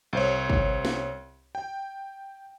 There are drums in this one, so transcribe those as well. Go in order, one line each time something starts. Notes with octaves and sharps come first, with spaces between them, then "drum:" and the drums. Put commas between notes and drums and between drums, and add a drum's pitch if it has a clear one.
C2 C5 C#5
drum: kick
drum: snare
G5